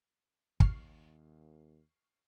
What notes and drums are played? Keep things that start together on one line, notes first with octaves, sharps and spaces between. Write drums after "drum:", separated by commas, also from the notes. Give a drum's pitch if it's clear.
D#2 C#6 F6 C7, drum: kick